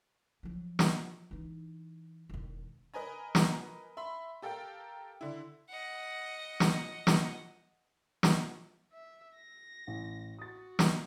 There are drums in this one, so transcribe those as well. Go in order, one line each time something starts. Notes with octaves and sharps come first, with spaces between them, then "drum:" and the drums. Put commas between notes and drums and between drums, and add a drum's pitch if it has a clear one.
F3 F#3
drum: snare
E3 D#4
E1 D#3
A#4 B4 D#5 G#5 A#5
drum: snare
E5 B5 C6
G4 A4 A#4 F5 G5
D3 E4
D#5 F#5
drum: snare
drum: snare
drum: snare
E5
A#6
A1
F#4 D#6 A6
drum: snare